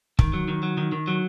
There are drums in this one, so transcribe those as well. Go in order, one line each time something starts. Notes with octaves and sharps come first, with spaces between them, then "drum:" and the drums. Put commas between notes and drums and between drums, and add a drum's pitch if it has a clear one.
D#3, drum: kick
F#3
D#3
F#3
D#3
D#3
F#3